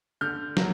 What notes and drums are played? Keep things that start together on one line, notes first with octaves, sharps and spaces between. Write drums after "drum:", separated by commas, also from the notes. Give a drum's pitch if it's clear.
D3 F6 G6
F#3 A#3, drum: snare